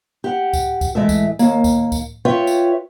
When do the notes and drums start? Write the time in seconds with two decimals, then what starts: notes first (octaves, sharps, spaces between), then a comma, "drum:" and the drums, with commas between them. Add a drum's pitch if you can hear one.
0.24 G4 F#5
0.54 drum: kick C#2, tambourine
0.81 drum: kick C#2, tambourine
0.95 E3 G#3 A3 E5
1.09 drum: kick C#2, tambourine
1.39 D#2 A#3, drum: tambourine
1.64 drum: kick C#2, tambourine
1.92 drum: kick C#2, tambourine
2.25 F4 B4 C#5 E5 G5
2.47 drum: tambourine